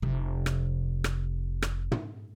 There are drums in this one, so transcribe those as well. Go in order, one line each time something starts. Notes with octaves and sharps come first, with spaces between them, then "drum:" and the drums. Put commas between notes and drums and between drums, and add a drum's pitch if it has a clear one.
F1 C3
drum: rim click
drum: rim click
drum: rim click
drum: tom